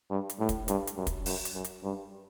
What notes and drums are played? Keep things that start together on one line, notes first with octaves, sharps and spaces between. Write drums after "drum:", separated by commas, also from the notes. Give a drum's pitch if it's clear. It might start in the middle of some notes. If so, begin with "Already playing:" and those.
G2
drum: hi-hat
A2
drum: kick, hi-hat
G2, drum: hi-hat
drum: hi-hat
F#2
drum: kick, hi-hat
F#2, drum: open hi-hat
drum: hi-hat
F#2
drum: hi-hat
G2